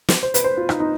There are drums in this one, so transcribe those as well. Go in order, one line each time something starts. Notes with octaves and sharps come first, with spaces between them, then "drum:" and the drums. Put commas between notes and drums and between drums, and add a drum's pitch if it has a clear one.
drum: snare
C5
B4, drum: hi-hat
C5
F4
D#4, drum: rim click
D#4